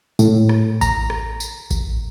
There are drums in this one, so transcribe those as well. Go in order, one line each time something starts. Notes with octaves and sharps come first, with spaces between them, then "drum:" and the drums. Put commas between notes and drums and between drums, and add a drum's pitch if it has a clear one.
A2, drum: tambourine
drum: rim click
A#5, drum: kick A1, tambourine
drum: rim click
drum: tambourine
drum: kick A1, tambourine